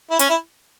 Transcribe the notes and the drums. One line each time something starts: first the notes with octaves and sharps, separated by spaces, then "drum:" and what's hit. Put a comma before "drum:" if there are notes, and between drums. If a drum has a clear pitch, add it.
E4
C#4, drum: hi-hat
E4